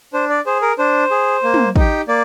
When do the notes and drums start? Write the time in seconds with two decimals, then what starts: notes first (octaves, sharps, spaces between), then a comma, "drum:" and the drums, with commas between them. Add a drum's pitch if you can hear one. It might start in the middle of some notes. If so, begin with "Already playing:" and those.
0.13 D4 C5
0.30 D5
0.46 G#4 C5
0.62 A#4
0.78 D4 C5
1.11 G#4
1.43 A#3
1.54 drum: tom
1.76 D#4 G4, drum: kick
2.08 A#3 D5